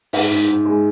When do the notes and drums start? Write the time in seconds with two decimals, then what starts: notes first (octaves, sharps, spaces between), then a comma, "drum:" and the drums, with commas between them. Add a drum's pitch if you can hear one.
0.13 G#2 E5, drum: open hi-hat
0.31 G#2
0.48 G#2
0.65 G#3